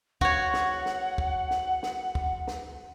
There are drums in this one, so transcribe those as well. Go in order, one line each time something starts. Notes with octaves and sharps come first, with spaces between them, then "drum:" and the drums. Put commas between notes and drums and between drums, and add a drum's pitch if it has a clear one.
F#4 C#5 F#5, drum: kick
drum: snare
drum: snare
drum: kick
drum: snare
drum: snare
drum: kick
drum: snare